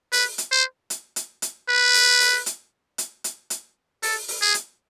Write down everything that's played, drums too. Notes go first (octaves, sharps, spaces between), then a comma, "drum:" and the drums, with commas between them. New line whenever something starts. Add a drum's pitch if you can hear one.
B4, drum: open hi-hat
drum: hi-hat
C5
drum: hi-hat
drum: hi-hat
drum: hi-hat
B4
drum: open hi-hat
drum: open hi-hat
drum: hi-hat
drum: hi-hat
drum: hi-hat
drum: hi-hat
A4, drum: open hi-hat
drum: open hi-hat
G#4
drum: hi-hat